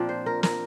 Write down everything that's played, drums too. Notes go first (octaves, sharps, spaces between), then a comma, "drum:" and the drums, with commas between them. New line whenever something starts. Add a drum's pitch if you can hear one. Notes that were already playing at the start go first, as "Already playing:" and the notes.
Already playing: A#2 F3 C4 D4
C5
A#4
A#4, drum: snare